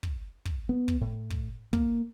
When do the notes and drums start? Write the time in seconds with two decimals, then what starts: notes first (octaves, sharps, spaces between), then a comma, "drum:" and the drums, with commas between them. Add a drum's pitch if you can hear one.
0.03 drum: kick
0.45 drum: kick
0.69 B3
0.88 drum: kick
1.01 A2
1.30 drum: kick
1.73 A#3, drum: kick